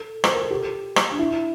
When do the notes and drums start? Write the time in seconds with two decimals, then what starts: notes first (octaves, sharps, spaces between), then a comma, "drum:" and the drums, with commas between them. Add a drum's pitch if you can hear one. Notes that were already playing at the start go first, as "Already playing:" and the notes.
Already playing: A4
0.24 C5, drum: rim click
0.33 A#4
0.42 A4
0.51 G4
0.96 drum: rim click
1.11 D4
1.19 E4